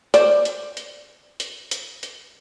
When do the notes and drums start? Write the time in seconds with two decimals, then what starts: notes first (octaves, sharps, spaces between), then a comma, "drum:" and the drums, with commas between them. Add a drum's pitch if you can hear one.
0.14 C5 D5, drum: hi-hat
0.45 drum: hi-hat
0.77 drum: hi-hat
1.40 drum: hi-hat
1.71 drum: hi-hat
2.03 drum: hi-hat